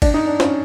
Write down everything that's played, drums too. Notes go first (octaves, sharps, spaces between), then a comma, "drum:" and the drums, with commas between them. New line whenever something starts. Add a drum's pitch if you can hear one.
D4, drum: kick, cymbal
D#4
D4
C#4, drum: snare